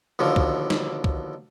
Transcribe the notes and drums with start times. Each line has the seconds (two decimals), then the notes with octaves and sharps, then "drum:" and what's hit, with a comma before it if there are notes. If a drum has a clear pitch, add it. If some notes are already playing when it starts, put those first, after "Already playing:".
0.19 D#2 B2 D3 F3
0.36 drum: kick
0.70 drum: snare
1.04 drum: kick